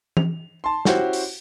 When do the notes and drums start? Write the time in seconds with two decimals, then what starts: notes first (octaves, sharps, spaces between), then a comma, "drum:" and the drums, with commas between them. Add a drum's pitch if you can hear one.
0.17 F7, drum: tom E3
0.64 A5 C6
0.85 C#4 E4 F#4 G4 C5, drum: snare
1.13 drum: open hi-hat